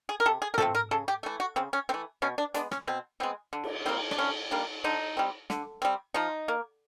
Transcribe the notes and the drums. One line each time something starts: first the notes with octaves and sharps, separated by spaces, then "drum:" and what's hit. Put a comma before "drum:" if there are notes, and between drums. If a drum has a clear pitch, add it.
G#4
A#4
C3 A4
G#4
A#4
F3 A3 C4 A4, drum: tom
A#4
C#3 A4
G4
E3 A3
F#4
C#3 C4
C#4
E3 A3 C4
B2 C#4
D4
G#3 B3 D4, drum: hi-hat
C#4, drum: rim click
B2 C4
G#3 B3 C4
D3
drum: cymbal
G3 A#3 C4
D4, drum: rim click
D3 C#4
G3 A#3 D4
D3 D#4
G3 C4
D3, drum: snare
G3 C4
F3 D#4
A#3